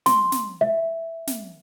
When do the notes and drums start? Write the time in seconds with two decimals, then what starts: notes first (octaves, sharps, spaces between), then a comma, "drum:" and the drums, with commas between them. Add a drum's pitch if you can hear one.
0.06 C6, drum: snare
0.32 drum: snare
0.61 E5
1.27 drum: snare